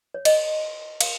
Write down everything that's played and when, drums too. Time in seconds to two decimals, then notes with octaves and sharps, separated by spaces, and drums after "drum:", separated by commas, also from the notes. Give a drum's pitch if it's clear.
0.14 C#5
0.25 D#5, drum: cymbal
1.01 F5, drum: cymbal